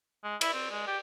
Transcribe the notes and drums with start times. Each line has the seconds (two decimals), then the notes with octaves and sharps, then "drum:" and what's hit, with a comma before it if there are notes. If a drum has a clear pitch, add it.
0.24 G#3
0.41 E4, drum: cymbal
0.54 C4
0.71 G#3
0.87 G4